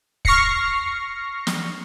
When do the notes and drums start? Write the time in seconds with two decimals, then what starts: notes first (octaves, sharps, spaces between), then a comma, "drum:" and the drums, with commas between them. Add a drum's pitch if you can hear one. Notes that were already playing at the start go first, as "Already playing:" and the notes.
0.25 C#6 F6 A#6 C7 C#7, drum: kick
1.47 drum: snare